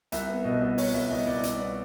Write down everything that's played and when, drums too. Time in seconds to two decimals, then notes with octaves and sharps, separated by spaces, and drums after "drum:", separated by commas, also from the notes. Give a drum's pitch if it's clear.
0.12 C2 E5, drum: hi-hat
0.28 B3
0.44 B2 D#5
0.61 C2
0.78 C2 C#5, drum: open hi-hat
0.94 C2 E5
1.11 C2 D#5
1.27 C2 D5
1.43 C2 D5, drum: hi-hat
1.60 B3